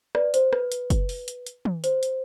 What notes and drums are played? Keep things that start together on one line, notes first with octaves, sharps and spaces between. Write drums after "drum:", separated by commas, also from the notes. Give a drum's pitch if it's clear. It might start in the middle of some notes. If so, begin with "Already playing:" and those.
B4 D5, drum: rim click
C5, drum: hi-hat
B4, drum: rim click
drum: hi-hat
drum: kick, hi-hat
drum: open hi-hat
drum: hi-hat
drum: hi-hat
drum: tom
C5, drum: hi-hat
drum: hi-hat